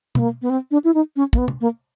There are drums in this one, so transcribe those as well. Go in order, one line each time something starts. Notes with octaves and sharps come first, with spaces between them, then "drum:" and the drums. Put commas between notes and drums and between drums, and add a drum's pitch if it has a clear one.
B3, drum: tom
A#3
B3
C4
D4
E4
D#4
C#4
A#3, drum: kick
B3
drum: tom
A#3